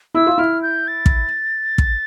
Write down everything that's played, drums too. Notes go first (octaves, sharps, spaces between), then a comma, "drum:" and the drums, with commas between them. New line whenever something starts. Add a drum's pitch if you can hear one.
E4 E6
F4
E4 F6
G6
A6
drum: kick
drum: kick